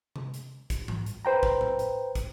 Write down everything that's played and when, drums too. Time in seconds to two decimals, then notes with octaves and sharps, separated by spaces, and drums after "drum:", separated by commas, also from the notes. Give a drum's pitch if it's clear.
0.16 drum: tom C3
0.34 drum: hi-hat
0.70 drum: kick, hi-hat
0.88 drum: tom G#2
1.06 drum: hi-hat
1.25 B4 C5 G5 A#5
1.43 drum: kick
1.61 drum: tom A2
1.79 drum: hi-hat
2.15 drum: kick, hi-hat